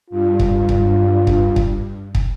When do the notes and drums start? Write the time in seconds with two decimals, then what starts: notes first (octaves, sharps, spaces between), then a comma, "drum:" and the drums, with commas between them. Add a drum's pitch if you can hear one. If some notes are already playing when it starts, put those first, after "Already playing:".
0.10 G2 F4
0.40 drum: kick
0.69 drum: kick
1.27 drum: kick
1.56 drum: kick
2.15 drum: kick